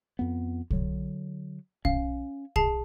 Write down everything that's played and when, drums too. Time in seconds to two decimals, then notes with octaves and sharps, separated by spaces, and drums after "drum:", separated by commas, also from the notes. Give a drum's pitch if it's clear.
0.19 F2 B3
0.70 D3 F#3, drum: kick
1.85 C#4 F5, drum: kick
2.56 G#4 A5 C7, drum: kick